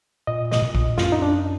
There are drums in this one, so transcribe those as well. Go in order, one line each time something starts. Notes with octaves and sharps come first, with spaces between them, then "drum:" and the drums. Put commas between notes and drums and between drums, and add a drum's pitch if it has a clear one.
A#2 D#5
B2 D#5, drum: snare
A#2
drum: kick A#1
F#2 F4, drum: snare
D#4
D4